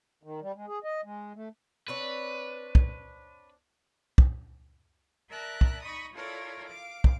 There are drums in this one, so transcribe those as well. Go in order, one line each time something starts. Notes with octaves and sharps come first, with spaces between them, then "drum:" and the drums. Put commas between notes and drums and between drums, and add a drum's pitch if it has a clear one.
D#3
G3
G#3
G#4
D#5
G#3
A3
C4 D4 B4 C#5
drum: kick
drum: kick
A#4 D5 E5 A5 A#5 F#6
drum: kick
D#4 D#5 B5 C#6 D#6
E4 F4 A4 A#4 C#5 D5
F5 D6
drum: kick